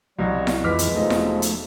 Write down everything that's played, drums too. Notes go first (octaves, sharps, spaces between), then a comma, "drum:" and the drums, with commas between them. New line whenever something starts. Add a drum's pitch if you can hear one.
C2 B2 F#3 G3
drum: snare E4
F2 E3 G#3 B4 D6 F6 B6
drum: hi-hat
E1 F3 A3 D#4
drum: snare E4
drum: hi-hat